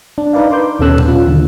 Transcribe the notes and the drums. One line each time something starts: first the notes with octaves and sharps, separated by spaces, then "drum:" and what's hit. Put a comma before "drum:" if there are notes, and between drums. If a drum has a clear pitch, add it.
D4
D#4 A#4 B4 D5 F5
B4 C6 D6 G6
D#2 B2 C#4 A4 E6 F#6
drum: tom A#2
F4
D#2 D3